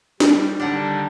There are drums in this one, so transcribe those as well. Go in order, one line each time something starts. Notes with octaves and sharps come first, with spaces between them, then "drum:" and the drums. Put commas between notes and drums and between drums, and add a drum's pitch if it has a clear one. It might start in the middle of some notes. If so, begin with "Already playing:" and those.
G3, drum: snare
D3 D#3 G3 D4 F#5